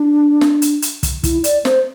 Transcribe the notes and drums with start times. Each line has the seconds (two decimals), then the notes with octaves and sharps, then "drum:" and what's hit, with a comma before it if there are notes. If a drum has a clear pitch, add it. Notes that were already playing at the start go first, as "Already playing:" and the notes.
Already playing: D4
0.41 drum: snare
0.62 drum: hi-hat
0.82 drum: hi-hat
1.03 drum: kick, hi-hat
1.24 E4, drum: kick, hi-hat
1.44 D5, drum: hi-hat
1.65 C5, drum: snare